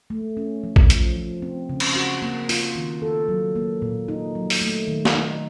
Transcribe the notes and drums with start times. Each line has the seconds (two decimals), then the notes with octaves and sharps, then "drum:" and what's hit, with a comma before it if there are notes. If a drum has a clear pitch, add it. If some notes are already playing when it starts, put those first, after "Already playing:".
0.10 A3
0.37 C#4
0.63 F3
0.76 drum: kick
0.90 F3, drum: hi-hat
1.16 F3
1.42 C4
1.69 C#3
1.80 drum: cymbal
1.96 F#4
2.22 A#3
2.49 F4, drum: open hi-hat
2.75 D#3
3.02 A4
3.29 F#3
3.56 A#3
3.82 A#2
4.08 D#4
4.35 F#3
4.50 drum: open hi-hat
4.62 A3
4.88 D#3
5.05 drum: snare
5.14 D#4